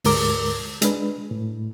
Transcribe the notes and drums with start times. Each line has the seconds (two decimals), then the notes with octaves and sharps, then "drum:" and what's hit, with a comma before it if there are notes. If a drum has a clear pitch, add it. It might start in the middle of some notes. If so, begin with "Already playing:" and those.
0.04 D2 G#2 G#3 A#4 D6, drum: open hi-hat
0.82 G#3 D4 B4, drum: hi-hat
1.31 A2